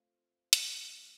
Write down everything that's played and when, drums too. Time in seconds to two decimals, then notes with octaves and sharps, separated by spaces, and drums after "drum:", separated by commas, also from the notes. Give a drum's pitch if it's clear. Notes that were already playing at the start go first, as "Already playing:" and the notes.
Already playing: A3 C4 F4
0.53 F3 G#3 C#4, drum: hi-hat